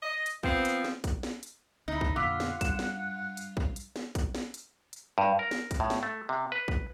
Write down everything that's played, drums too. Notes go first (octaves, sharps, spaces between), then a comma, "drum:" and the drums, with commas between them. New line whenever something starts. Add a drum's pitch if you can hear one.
D#5
drum: hi-hat
F3 B3 C4, drum: kick
drum: hi-hat
drum: snare
drum: kick, hi-hat
drum: snare
drum: hi-hat
D2 D#4 E4
drum: kick
F2 A#2 D3 F4 F#5 D6 E6 B6
drum: snare
G2 E7, drum: kick, hi-hat
drum: snare
drum: hi-hat
drum: kick
drum: hi-hat
drum: snare
drum: kick, hi-hat
drum: snare
drum: hi-hat
drum: hi-hat
G2
A#4
drum: snare
drum: kick, hi-hat
A2
drum: snare
A3
C3
B4
drum: kick